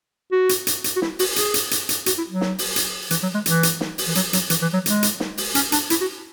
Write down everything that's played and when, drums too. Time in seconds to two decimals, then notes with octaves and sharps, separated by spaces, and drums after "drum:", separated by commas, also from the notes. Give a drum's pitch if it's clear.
0.32 F#4
0.49 drum: hi-hat
0.67 drum: hi-hat
0.84 drum: hi-hat
0.96 F#4
1.02 E4, drum: snare
1.19 F#4, drum: open hi-hat
1.36 G#4, drum: hi-hat
1.54 drum: hi-hat
1.71 drum: hi-hat
1.89 drum: hi-hat
2.06 F#4, drum: hi-hat
2.18 E4
2.29 F#3
2.41 drum: snare
2.58 drum: open hi-hat
2.76 drum: hi-hat
3.11 E3, drum: hi-hat
3.23 F#3
3.34 G#3
3.46 E3, drum: hi-hat
3.63 drum: hi-hat
3.81 drum: snare
3.98 drum: open hi-hat
4.07 E3
4.15 F#3, drum: hi-hat
4.33 F#3, drum: hi-hat
4.50 E3, drum: hi-hat
4.62 E3
4.73 F#3
4.86 G#3, drum: hi-hat
5.03 drum: hi-hat
5.20 drum: snare
5.37 drum: open hi-hat
5.55 C#4, drum: hi-hat
5.72 D4, drum: hi-hat
5.90 E4, drum: hi-hat
6.01 F#4